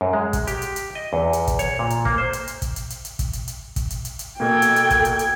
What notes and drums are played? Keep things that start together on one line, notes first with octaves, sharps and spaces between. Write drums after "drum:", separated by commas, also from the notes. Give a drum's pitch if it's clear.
F#2
G#3
drum: kick, hi-hat
G4, drum: hi-hat
drum: hi-hat
drum: hi-hat
D#5
E2
drum: hi-hat
drum: kick, hi-hat
C#5, drum: hi-hat
A#2
drum: hi-hat
A#3, drum: kick
C5
drum: hi-hat
drum: hi-hat
drum: kick, hi-hat
drum: hi-hat
drum: hi-hat
drum: hi-hat
drum: kick, hi-hat
drum: hi-hat
drum: hi-hat
drum: kick, hi-hat
drum: hi-hat
drum: hi-hat
drum: hi-hat
B2 A#3 A4 G5 G#6
drum: hi-hat
drum: hi-hat
drum: kick, hi-hat
drum: hi-hat
drum: hi-hat